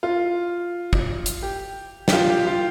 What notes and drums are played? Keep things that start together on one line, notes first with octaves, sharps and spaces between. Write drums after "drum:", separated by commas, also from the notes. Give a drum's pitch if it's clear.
F4
drum: kick
drum: hi-hat
G4
G4, drum: snare
F4
G4
F4